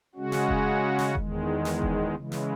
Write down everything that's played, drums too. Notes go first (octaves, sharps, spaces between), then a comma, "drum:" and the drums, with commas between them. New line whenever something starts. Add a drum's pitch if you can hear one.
C#3 G#3 C#4 F#4
drum: snare
drum: kick F1
drum: snare
E2 D#3 G#3, drum: kick F1
drum: snare
drum: kick F1
C#3 E3 G#3
drum: snare